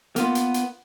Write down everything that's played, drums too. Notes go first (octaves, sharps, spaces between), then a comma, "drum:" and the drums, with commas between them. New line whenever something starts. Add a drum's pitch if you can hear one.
A#3 B3 F4, drum: hi-hat
drum: hi-hat
drum: hi-hat